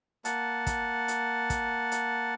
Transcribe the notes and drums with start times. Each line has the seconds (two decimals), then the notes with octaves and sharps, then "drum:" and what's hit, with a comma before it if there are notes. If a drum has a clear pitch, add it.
0.25 A#3 F#5 A5, drum: hi-hat
0.67 drum: kick, hi-hat
1.08 drum: hi-hat
1.50 drum: kick, hi-hat
1.92 drum: hi-hat